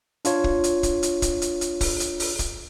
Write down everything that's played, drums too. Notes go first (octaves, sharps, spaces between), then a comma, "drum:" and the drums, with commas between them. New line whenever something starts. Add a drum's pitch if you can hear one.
D4 F4 C#5, drum: hi-hat
drum: kick
drum: hi-hat
drum: kick, hi-hat
drum: hi-hat
drum: kick, hi-hat
drum: hi-hat
drum: hi-hat
drum: kick, open hi-hat
drum: hi-hat
drum: open hi-hat
drum: kick, hi-hat